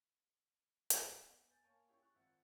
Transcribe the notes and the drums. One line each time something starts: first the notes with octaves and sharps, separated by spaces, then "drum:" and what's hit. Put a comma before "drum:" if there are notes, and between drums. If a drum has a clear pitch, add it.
drum: hi-hat
B3
G#5 G6 A6
A#3 A#4 C#5 G#5 A5
C#4 E4 G4 G#4 C#5
C#6 F#6
G#1 F3 C4 E5 F#5 A6